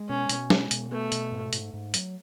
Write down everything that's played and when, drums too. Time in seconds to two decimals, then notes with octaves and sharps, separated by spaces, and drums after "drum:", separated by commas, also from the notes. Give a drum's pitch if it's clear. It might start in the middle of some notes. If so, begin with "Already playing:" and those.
Already playing: G#3
0.09 B2 C#4
0.29 B2, drum: hi-hat
0.50 G#3, drum: snare
0.71 B2, drum: hi-hat
0.92 A3 B3
1.12 B2, drum: hi-hat
1.32 G#2
1.53 G#2, drum: hi-hat
1.74 G#2
1.94 F#3, drum: hi-hat